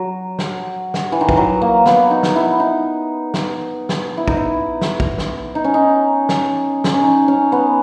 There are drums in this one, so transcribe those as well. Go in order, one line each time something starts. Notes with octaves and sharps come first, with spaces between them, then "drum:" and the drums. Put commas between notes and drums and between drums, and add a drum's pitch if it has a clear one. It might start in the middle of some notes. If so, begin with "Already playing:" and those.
Already playing: F#3
drum: snare
drum: snare
E3
D#3
E3, drum: kick
F#3
A#3
B3, drum: snare
D#4
drum: snare
E4
D#4
drum: snare
drum: snare
E4
D#4, drum: kick
E4
drum: snare
drum: kick
drum: snare
D#4
C#4
D#4
drum: snare
drum: snare
C#4
D#4
C#4
B3